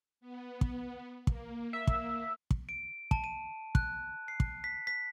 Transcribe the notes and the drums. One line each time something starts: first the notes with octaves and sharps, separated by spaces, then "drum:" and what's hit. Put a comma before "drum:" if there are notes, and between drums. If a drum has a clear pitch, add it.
B3
drum: kick
A#3, drum: kick
E5
drum: kick
drum: kick
D7
A5, drum: kick
D#7
F#6, drum: kick
C7
drum: kick
B6
B6